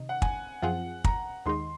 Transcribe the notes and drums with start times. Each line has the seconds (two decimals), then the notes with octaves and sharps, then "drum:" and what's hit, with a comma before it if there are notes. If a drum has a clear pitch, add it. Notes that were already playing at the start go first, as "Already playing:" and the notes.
Already playing: C3 D#3 D#4
0.09 F#5
0.22 G#5, drum: kick
0.62 F#2 F3 C4 F4 G#4 F#5
1.04 A#5, drum: kick
1.46 D#2 D#3 G#3 D#4 C6